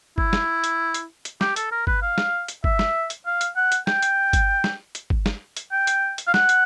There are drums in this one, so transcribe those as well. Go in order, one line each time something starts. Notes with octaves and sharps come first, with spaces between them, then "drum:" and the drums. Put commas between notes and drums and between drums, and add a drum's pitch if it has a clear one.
E4, drum: kick G1
drum: snare
drum: hi-hat
drum: hi-hat
drum: hi-hat
G4, drum: snare
A4, drum: hi-hat
A#4
B4, drum: kick G1
F5
drum: snare
drum: hi-hat
E5, drum: kick G1
drum: snare
drum: hi-hat
F5
drum: hi-hat
F#5
drum: hi-hat
G5, drum: snare
drum: hi-hat
drum: kick G1, hi-hat
drum: snare
drum: hi-hat
drum: kick G1
drum: snare
drum: hi-hat
G5
drum: hi-hat
drum: hi-hat
F5
F#5, drum: snare
drum: hi-hat